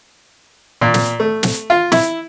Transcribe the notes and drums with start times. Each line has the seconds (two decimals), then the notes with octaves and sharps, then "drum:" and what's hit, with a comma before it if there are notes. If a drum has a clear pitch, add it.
0.81 A#2
0.94 drum: snare
1.20 A3
1.43 drum: snare
1.70 F4
1.92 E4, drum: snare